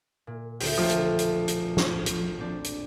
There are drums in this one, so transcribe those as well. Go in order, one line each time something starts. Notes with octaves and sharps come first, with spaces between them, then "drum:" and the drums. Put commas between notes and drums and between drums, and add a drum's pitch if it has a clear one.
A#2
D2 C5 G5, drum: open hi-hat
E1 A#1 F3 A3
drum: hi-hat
drum: hi-hat
drum: hi-hat
drum: snare
drum: hi-hat
C4 D4
drum: hi-hat